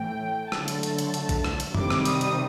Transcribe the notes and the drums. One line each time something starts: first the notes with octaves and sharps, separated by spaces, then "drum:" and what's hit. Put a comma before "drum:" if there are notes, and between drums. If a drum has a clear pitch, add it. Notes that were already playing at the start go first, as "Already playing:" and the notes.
Already playing: A2 E3 A3 G5
D3 F#3 A3 A5, drum: rim click
drum: hi-hat
drum: hi-hat
drum: hi-hat
drum: hi-hat
drum: kick A#1, hi-hat
drum: rim click
drum: hi-hat
C3 D#3 G3 D6, drum: tom F#2
drum: rim click
D#6, drum: hi-hat
drum: hi-hat